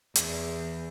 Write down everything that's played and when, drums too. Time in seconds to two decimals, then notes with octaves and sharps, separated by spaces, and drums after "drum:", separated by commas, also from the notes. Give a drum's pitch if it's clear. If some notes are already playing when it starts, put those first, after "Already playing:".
0.16 E2, drum: hi-hat